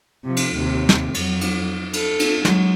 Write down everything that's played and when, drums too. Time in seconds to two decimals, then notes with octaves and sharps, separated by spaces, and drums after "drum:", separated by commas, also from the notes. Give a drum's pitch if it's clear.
0.25 C3 F3
0.37 drum: cymbal
0.56 D#2 C3
0.89 drum: snare
1.15 F2 F#3, drum: cymbal
1.41 drum: cymbal
1.93 A4, drum: cymbal
2.19 drum: cymbal
2.45 F#3 G#3, drum: snare